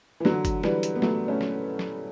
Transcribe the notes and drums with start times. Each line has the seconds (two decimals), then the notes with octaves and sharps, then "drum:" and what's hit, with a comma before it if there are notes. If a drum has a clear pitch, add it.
0.20 E3
0.25 D3 F#3, drum: snare
0.45 drum: kick F#1, hi-hat
0.63 E3 G3, drum: snare
0.83 drum: hi-hat
0.95 B3
1.02 F#3 A3, drum: snare
1.28 A3 C#4
1.41 drum: snare
1.79 drum: snare